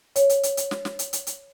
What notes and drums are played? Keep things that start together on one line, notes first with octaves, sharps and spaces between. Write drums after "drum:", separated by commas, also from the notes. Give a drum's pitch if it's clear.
C#5, drum: hi-hat
drum: hi-hat
drum: hi-hat
drum: hi-hat
drum: snare
drum: snare
drum: hi-hat
drum: hi-hat
drum: hi-hat